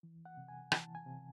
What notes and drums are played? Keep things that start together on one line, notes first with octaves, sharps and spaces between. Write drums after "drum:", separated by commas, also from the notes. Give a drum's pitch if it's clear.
E3
F#5
C3
G#5
E3 A5, drum: rim click
G#5
C3